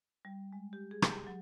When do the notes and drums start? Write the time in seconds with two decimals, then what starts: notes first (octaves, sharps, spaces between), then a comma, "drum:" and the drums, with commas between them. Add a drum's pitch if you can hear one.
0.25 G3
0.53 G#3
0.73 G4
0.91 G#4
1.02 G4, drum: rim click
1.27 F#3